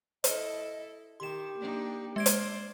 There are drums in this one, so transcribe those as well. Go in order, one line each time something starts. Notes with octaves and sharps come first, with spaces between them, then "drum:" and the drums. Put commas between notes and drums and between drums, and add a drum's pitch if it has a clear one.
E4 A4 D#5, drum: hi-hat
D#3 G4 C6 E7
A#3 D4 D#4
G#3 C5 D5 G#6 D7
drum: hi-hat